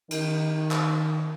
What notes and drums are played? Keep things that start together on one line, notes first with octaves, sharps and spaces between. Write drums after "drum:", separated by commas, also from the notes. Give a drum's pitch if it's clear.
D#3, drum: cymbal
drum: clap